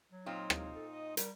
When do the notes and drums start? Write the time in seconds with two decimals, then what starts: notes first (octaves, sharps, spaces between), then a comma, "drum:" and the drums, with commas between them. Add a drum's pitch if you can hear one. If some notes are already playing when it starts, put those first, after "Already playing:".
0.12 F#3
0.26 A#2 C4 D#4 F4
0.50 drum: rim click
0.75 A4
0.92 D#5
1.17 G3 A#4, drum: hi-hat